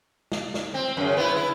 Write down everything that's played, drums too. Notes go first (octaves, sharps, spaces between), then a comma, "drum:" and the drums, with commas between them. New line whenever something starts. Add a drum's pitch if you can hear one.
drum: snare
drum: snare
C4
F#2 C#3
B3 E4
E4